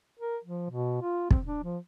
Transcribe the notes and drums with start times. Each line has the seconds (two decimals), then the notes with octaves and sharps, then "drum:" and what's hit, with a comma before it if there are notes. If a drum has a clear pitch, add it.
0.19 A#4
0.44 F3
0.70 B2
1.02 F4
1.31 C4, drum: kick
1.46 D4
1.64 F3